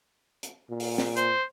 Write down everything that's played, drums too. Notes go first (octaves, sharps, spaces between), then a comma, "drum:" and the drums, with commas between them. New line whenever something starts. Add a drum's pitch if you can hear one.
drum: hi-hat
A#2
drum: open hi-hat
drum: snare
C5, drum: hi-hat